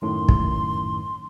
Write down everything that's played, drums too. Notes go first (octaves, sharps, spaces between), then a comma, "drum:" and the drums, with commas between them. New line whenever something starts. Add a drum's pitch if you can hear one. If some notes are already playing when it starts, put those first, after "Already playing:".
F#2 A2 D#3 C6
drum: kick